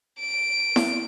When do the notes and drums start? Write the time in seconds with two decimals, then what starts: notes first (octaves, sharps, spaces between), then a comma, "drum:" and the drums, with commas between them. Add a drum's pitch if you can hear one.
0.20 D7
0.76 drum: snare E4